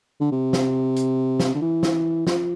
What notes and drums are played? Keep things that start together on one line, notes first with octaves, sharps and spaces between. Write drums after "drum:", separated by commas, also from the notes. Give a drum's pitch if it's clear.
D3
C3
drum: snare
drum: hi-hat
drum: snare
D3
E3
drum: snare
F3, drum: snare